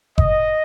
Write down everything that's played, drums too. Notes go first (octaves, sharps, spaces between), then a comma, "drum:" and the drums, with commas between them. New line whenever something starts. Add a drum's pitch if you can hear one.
D#5, drum: kick F#1